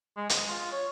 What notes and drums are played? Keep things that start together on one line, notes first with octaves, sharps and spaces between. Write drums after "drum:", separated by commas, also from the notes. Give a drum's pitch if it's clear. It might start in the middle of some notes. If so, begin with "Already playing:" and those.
G#3
G#3, drum: hi-hat
F4
C#5